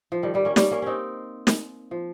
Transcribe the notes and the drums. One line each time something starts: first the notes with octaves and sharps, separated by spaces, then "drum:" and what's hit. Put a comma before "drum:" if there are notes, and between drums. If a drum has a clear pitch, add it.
F3
D#3 G3
G3 A#3
A#3 C#4
G3 A#3, drum: snare
A#3 C#4
C4 C#4 D#4
drum: snare
F3